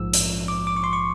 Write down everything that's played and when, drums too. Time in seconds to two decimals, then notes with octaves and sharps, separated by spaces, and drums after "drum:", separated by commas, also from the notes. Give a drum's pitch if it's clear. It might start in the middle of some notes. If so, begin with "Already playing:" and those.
Already playing: A#1 G#2 F3 E6
0.13 drum: hi-hat
0.48 D6
0.67 D6
0.76 C#6
0.84 C6
0.93 C#6